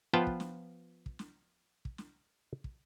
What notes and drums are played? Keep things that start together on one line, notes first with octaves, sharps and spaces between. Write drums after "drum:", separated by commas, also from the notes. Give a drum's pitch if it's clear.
F3 B3 F4 B4 G5 A5
drum: kick
drum: snare
drum: kick
drum: snare
drum: kick
drum: snare
drum: kick